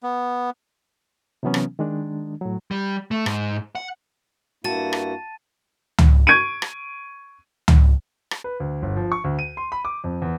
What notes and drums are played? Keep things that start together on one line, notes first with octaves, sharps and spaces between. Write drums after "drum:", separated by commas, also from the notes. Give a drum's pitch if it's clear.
B3
C3 E3 F#3 B3 C#4
drum: rim click
D#3 G#3 D4
A2 F#3
G3
A3
G#2, drum: rim click
F#5
G2 A#3 E4 F#4 A5 A6 D#7
drum: rim click
drum: tom C#2
C#6 G#6 D7 D#7
drum: rim click
drum: tom C#2
drum: rim click
B4
D2
G1
F3
C#6
D2
D#7
C6
B5
D6
F2
E2